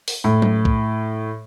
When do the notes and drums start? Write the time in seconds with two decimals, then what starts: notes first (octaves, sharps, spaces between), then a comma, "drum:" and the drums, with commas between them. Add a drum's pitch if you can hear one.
0.08 drum: open hi-hat
0.24 A2
0.42 drum: tom F#3
0.65 drum: kick B1